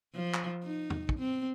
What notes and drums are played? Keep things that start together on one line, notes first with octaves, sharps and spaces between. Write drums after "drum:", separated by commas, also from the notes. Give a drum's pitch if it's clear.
F3
drum: clap
D#4
drum: tom E2
drum: kick
C4